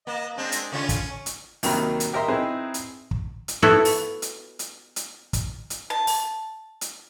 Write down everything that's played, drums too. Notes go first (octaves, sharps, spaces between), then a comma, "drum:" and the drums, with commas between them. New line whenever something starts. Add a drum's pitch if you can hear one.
A#3 D#5
G#3 C4 D4
drum: hi-hat
C#3 C#4 F4
drum: kick, hi-hat
drum: hi-hat
D#2 C3 D#3 F#3 A#4 B5, drum: open hi-hat
drum: hi-hat
G4 A#4 D#5 E5 C6
C4 D#4 E4 G#4 B4
drum: hi-hat
drum: kick
drum: hi-hat
B3 E4 F#4 A4 C#5
drum: open hi-hat
drum: hi-hat
drum: hi-hat
drum: hi-hat
drum: kick, hi-hat
drum: hi-hat
A5
drum: open hi-hat
drum: hi-hat